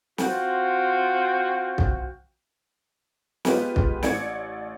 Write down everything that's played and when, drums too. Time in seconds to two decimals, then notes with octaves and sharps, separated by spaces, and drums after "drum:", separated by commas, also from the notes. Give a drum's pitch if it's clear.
0.18 C4 F4 F#4 G5, drum: snare
1.78 drum: kick
3.45 G#3 B3 F4 G4 B4, drum: snare
3.76 drum: kick
4.03 A1 D5 G#6 C#7 D7, drum: snare